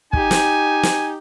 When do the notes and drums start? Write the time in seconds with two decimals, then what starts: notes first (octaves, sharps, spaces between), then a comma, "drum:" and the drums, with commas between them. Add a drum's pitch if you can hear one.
0.13 D#4 G4 G#5, drum: kick
0.31 drum: snare
0.83 drum: snare